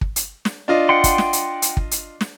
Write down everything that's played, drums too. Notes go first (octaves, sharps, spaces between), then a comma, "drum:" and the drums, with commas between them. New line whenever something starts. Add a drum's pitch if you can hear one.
drum: kick
drum: hi-hat
drum: snare
D4 F4 D#5
F#5 G5 C6
drum: kick, hi-hat
drum: snare
drum: hi-hat
drum: hi-hat
drum: kick
drum: hi-hat
drum: snare